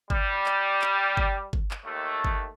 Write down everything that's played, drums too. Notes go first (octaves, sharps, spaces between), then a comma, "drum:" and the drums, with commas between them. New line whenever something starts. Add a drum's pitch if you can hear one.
G3, drum: kick G1
drum: clap
drum: clap
drum: kick G1
drum: kick G1
drum: clap
D#2 A3
drum: kick G1